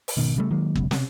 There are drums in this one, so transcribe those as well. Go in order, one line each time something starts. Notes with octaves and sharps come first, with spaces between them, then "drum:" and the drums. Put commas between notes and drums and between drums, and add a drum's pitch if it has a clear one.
drum: open hi-hat
G#1 B2 D#3
C#3 G3 A3
D#3 F#3 G#3 A#3
C#2 F#2 B2, drum: kick
C3, drum: snare